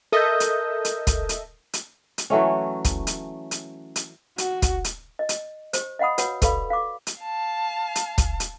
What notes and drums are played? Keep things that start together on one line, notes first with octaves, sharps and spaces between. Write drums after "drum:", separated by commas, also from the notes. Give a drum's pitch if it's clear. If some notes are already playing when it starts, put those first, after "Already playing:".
A4 A#4 D#5 E5 D#6 G6
drum: hi-hat
drum: hi-hat
drum: kick, hi-hat
drum: hi-hat
drum: hi-hat
drum: hi-hat
E3 F#3 A3 C#4
drum: kick, hi-hat
drum: hi-hat
drum: hi-hat
drum: hi-hat
F#4, drum: hi-hat
drum: kick, hi-hat
drum: hi-hat
D#5
drum: hi-hat
G4 C5, drum: hi-hat
D#5 F5 F#5 B5 D#6
F#4 B4 C#5 F#5 B5, drum: hi-hat
G4 A4 B4 D5 F5 B5, drum: kick, hi-hat
F5 D6
drum: hi-hat
F5 A5
drum: hi-hat
drum: kick, hi-hat
drum: hi-hat